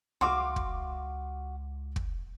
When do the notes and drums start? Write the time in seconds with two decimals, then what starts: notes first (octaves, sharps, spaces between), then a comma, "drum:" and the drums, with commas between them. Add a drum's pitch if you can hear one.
0.21 C#2 F#4 F5 C6 D6
0.56 drum: kick
1.96 drum: kick